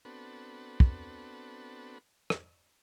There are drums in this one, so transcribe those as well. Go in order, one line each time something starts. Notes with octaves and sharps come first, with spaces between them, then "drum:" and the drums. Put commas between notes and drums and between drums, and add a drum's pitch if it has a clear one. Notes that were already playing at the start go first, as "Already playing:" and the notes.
B3 C4 D4 F#4 A4 B4
drum: kick
drum: rim click